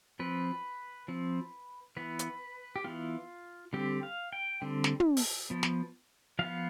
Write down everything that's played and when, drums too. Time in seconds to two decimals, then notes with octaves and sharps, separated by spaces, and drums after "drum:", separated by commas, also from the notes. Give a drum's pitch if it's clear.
0.19 F3 C4 B4
1.08 F3 C4
1.97 E3 B3 B4
2.19 drum: hi-hat
2.76 G4
2.84 E3 B3 F4
3.73 D3 G3 C4 G4
4.03 F5
4.33 G5
4.62 D3 G3 C4
4.84 drum: snare
5.00 drum: tom
5.17 drum: open hi-hat
5.50 F3 B3
5.63 drum: snare
6.39 F3 B3 F5